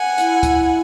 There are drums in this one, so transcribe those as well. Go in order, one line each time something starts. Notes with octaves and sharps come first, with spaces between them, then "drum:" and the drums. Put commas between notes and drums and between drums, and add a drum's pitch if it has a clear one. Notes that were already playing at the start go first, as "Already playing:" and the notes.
Already playing: F#5 G#5
E4, drum: hi-hat
drum: kick, hi-hat